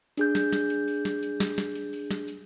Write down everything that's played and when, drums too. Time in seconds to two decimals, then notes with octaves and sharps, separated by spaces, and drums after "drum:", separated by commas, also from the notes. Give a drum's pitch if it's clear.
0.17 D4 G#4 G6, drum: hi-hat
0.35 drum: snare
0.53 drum: snare
0.70 drum: hi-hat
0.88 drum: open hi-hat
1.05 drum: snare
1.23 drum: hi-hat
1.40 drum: snare
1.58 drum: snare
1.75 drum: hi-hat
1.93 drum: open hi-hat
2.11 drum: snare
2.28 drum: hi-hat